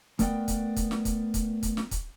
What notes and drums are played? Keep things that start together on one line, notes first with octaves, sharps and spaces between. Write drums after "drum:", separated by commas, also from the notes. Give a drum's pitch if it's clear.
A3 B3 A#4 D5 F#5 G5, drum: kick, hi-hat
drum: kick, hi-hat
drum: kick, hi-hat
drum: snare
drum: kick, hi-hat
drum: kick, hi-hat
drum: kick, hi-hat
drum: snare
drum: kick, hi-hat